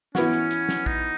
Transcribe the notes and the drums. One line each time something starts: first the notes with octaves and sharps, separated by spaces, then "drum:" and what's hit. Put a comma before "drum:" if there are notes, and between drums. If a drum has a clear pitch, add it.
E3 B3 C#4 F#4, drum: snare
drum: hi-hat
drum: hi-hat
drum: snare
D#4, drum: kick